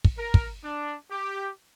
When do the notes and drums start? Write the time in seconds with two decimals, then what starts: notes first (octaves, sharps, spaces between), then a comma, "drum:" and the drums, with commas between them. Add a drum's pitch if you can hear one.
0.04 drum: kick
0.18 A#4
0.34 drum: kick
0.64 D4
1.10 G4